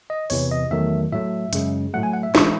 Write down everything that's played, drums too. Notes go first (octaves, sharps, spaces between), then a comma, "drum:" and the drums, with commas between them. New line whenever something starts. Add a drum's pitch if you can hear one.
D#5
E2 C3 E3 C#5, drum: open hi-hat
D#5
E2 D#3 F#3 A3 E5
A2 F#3 A3 E5
F#2 C#3 G#3, drum: hi-hat
A2 F#3 A3 F#5
G#5
F#5
E5
A2 E3 G#3, drum: snare